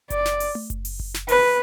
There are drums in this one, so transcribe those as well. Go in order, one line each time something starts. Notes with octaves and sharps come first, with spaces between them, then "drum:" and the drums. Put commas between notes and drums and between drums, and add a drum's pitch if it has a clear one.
D5, drum: kick F#1, hi-hat
drum: snare
drum: open hi-hat
drum: tom A3
drum: kick F#1, hi-hat
drum: open hi-hat
drum: kick F#1
drum: snare
B4, drum: open hi-hat